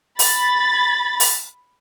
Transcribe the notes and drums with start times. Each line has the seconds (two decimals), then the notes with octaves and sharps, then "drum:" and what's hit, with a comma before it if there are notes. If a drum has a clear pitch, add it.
0.19 B5 A6, drum: open hi-hat
1.20 drum: open hi-hat